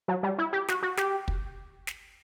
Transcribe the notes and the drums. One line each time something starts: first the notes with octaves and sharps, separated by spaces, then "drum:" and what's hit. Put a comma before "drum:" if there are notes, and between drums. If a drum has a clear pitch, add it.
F#3
G3
E4
G4
F#4, drum: snare
F#4
G4, drum: snare
drum: kick
drum: snare